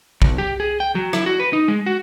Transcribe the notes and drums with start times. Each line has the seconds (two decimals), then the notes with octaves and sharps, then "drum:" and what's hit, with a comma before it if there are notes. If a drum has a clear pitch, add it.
0.22 B1, drum: kick A1
0.38 G4
0.60 G#4
0.80 G5
0.95 F#3
1.13 E4, drum: rim click
1.26 F#4
1.40 B4
1.53 D#4
1.68 G#3
1.86 F#4